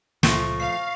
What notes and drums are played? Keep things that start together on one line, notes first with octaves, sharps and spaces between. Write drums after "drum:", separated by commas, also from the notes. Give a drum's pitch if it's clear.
C#2 A#2 F3 A3 C#6 A6 A#6, drum: snare
F5 C7